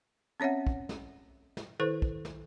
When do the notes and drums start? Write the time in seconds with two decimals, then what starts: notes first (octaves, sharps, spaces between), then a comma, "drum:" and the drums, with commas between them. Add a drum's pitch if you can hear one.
0.40 C4 C#4 C#5 E5 F#5
0.67 drum: kick
0.89 drum: snare
1.57 drum: snare
1.80 D#3 E4 A4 B4 C5
2.02 drum: kick
2.25 drum: snare